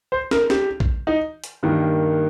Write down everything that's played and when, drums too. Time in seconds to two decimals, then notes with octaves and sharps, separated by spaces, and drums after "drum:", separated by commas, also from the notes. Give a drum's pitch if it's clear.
0.12 C5
0.31 A#4, drum: snare
0.50 G4, drum: snare
0.80 drum: kick
1.07 D#4
1.44 drum: hi-hat
1.63 G2 D#3 A#3